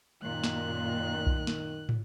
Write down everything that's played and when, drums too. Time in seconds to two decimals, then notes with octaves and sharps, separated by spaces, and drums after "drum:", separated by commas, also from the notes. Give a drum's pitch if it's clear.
0.23 F#2 A#2 D#3 F#6
0.44 drum: snare
1.27 drum: kick B1
1.47 drum: snare
1.89 drum: tom